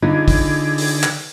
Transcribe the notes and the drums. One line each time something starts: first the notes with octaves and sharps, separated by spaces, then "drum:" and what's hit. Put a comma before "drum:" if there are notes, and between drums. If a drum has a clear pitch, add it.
D3 D#4 F4 G#4
drum: kick, open hi-hat
drum: open hi-hat
drum: clap